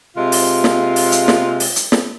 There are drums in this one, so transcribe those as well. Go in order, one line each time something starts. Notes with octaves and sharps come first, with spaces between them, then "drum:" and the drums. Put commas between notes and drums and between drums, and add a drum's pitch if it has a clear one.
C3 G#3 F4
drum: open hi-hat
drum: snare
drum: open hi-hat
drum: hi-hat
drum: snare
drum: open hi-hat
drum: hi-hat
drum: snare